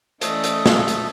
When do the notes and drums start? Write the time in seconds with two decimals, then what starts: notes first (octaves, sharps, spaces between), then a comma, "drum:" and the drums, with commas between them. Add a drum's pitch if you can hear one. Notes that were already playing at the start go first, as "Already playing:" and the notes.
0.21 E3 A3 C#4 A4 D5 D#5 D#6, drum: hi-hat
0.44 drum: hi-hat
0.66 drum: snare
0.88 drum: hi-hat